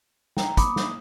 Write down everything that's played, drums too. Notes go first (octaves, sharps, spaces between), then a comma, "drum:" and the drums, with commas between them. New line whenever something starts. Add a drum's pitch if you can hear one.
G5 A#5, drum: snare
A#3 B5 D6 D#6, drum: kick, hi-hat
drum: snare